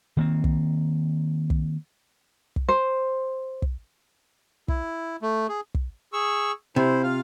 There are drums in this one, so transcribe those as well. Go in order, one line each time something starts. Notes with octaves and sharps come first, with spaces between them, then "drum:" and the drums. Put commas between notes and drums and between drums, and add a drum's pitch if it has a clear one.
D#3 A#3 C4
drum: kick
drum: kick
drum: kick
C5
drum: kick
E4, drum: kick
A3
G#4
drum: kick
G#4 C#6 E6
C3 E4 C5
F4 F5